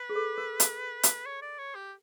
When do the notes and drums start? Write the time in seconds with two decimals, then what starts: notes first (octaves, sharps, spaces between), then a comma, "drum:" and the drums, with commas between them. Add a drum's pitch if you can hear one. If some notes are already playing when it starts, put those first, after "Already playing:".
Already playing: B4
0.09 G#4
0.16 A4
0.38 A#4
0.60 drum: hi-hat
1.03 drum: hi-hat
1.26 C#5
1.42 D5
1.58 C#5
1.75 G4